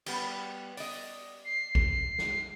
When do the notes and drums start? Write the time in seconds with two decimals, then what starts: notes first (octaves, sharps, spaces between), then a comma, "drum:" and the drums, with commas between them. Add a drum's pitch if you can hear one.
0.06 G3 B3, drum: cymbal
0.77 D5 D#5, drum: open hi-hat
1.45 C7
1.75 drum: kick
2.18 drum: snare